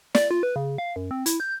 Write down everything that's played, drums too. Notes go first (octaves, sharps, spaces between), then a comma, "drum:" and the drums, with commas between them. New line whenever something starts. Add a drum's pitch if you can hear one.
D5, drum: snare
F4
B4
C#3
F5
F#2
C4
E4, drum: hi-hat
G6